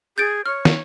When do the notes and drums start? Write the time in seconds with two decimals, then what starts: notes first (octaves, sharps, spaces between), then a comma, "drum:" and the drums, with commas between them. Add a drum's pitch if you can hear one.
0.18 G#4 G6 A6 D7
0.46 C#5 F6
0.65 drum: snare